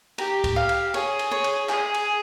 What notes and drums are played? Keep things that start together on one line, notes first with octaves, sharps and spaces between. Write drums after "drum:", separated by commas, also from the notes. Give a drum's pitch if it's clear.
G4 A#5, drum: cymbal
drum: kick C#2, cymbal
F5
drum: cymbal
G#4 C#5, drum: cymbal
drum: cymbal
C#5
drum: cymbal
G#4 G#5, drum: clap
drum: cymbal